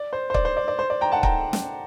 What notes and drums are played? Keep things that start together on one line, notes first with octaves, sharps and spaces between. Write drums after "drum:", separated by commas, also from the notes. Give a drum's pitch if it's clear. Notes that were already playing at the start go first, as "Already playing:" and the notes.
Already playing: D5
C5
C5
D5, drum: kick
C5
D5
D5
C5
D5
G5 A#5
F#5 A5
G5 A#5, drum: kick
drum: snare